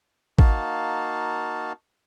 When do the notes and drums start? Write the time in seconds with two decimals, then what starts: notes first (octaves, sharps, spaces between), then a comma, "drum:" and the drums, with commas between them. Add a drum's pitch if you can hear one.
0.39 A#3 D#4 F#4 F5 A5, drum: kick A1